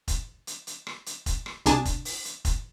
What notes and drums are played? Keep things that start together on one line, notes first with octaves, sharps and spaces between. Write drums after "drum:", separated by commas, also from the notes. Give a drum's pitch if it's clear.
drum: kick F1, hi-hat
drum: hi-hat
drum: hi-hat
drum: rim click
drum: hi-hat
drum: kick F1, hi-hat
drum: rim click
C2 D4 G#4 A5, drum: hi-hat
drum: kick F1, hi-hat
drum: open hi-hat
drum: hi-hat
drum: kick F1, hi-hat